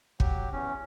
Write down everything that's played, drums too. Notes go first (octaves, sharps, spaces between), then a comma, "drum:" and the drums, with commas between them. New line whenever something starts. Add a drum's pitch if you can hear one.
F#3 G4, drum: kick
E2 C#4